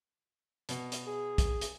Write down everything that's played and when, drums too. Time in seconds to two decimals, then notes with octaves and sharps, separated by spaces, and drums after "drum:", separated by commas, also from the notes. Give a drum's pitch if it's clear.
0.69 B2, drum: hi-hat
0.92 drum: hi-hat
1.07 G#4
1.38 drum: kick, hi-hat
1.61 drum: hi-hat